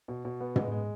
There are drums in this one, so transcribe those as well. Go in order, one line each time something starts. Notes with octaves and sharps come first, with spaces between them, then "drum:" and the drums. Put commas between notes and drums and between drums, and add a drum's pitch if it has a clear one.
B2
B2
B3
G#3, drum: tom
G#3